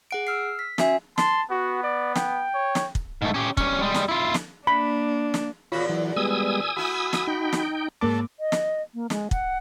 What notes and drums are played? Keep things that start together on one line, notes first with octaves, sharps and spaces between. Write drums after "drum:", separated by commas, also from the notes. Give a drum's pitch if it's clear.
G#4 F#5 D7
E6 F6 C7
B6
C#4 F#4 E5 G#5, drum: snare
A5 C6, drum: snare
B3 F#4
D5
G5, drum: snare
C#5
drum: snare
drum: kick
G#2 A3
C#4 G4
G3 C#4, drum: kick
G3 G#3
drum: snare
E4 F4
drum: snare
A#3 D4 B5
drum: snare
E2 A#2 F4 F#4 C#5 B5
E3 F#3
G3 G#3 B3 G#5 D#6 E6
A3 E4 F#4 B5
drum: snare
D#4 G5
drum: snare
G#2 C#3 A#3 A5 D6
D#5
drum: snare
A#3
G#3, drum: snare
F#5, drum: kick